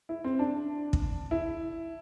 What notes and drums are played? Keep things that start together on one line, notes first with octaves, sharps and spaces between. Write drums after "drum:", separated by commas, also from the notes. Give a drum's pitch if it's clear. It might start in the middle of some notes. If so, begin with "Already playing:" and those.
E4
C4
D4
drum: kick
E4